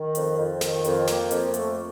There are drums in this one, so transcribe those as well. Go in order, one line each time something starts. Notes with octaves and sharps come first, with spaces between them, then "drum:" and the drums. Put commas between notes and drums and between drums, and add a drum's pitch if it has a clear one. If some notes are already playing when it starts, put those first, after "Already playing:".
Already playing: D#3
F2, drum: hi-hat
F2
D#3, drum: snare
F2, drum: hi-hat
A#3, drum: snare
F2, drum: hi-hat
A3, drum: hi-hat